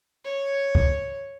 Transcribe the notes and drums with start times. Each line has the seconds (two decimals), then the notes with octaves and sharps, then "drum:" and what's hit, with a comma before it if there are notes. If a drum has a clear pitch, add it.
0.24 C#5
0.75 drum: kick